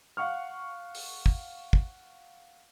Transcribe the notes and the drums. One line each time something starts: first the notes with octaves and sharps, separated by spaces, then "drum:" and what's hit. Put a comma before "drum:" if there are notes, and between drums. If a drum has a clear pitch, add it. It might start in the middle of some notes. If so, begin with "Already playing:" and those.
F5 F#5 C#6 F6
drum: open hi-hat
drum: kick
drum: kick